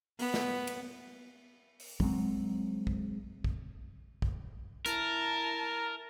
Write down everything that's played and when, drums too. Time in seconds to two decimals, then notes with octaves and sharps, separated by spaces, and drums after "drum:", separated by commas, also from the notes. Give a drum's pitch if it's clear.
0.19 B3, drum: open hi-hat
0.34 drum: snare
0.67 drum: cymbal
1.80 drum: open hi-hat
2.00 F#3 G#3 C4, drum: kick
2.87 drum: kick
3.44 drum: kick
4.22 drum: kick
4.86 E4 A#4 A5 A#5, drum: hi-hat